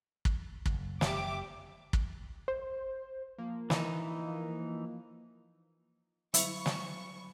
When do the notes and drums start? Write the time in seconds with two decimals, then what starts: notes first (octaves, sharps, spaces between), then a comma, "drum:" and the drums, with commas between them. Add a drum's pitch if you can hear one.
0.25 drum: kick
0.66 F#1, drum: kick
1.01 G4 E5 D6, drum: snare
1.93 drum: kick
2.48 C5
3.38 F3 A#3
3.70 E3 D#4, drum: snare
6.34 D3 F#3 G3 E4 E5 B5 C#6, drum: hi-hat
6.66 drum: snare